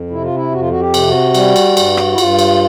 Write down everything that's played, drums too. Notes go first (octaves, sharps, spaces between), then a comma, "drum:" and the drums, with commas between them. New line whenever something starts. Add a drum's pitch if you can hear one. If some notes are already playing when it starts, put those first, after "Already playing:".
Already playing: F2
C3 E4
F4
E4
F2 F#4
F4
F#4
G4
C3, drum: cymbal
F#4
G3, drum: cymbal
drum: cymbal
G2, drum: cymbal
drum: rim click
E4
G2 F4, drum: cymbal
drum: cymbal